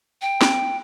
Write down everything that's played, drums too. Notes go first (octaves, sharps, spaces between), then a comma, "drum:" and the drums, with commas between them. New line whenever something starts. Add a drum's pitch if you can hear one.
G5
drum: snare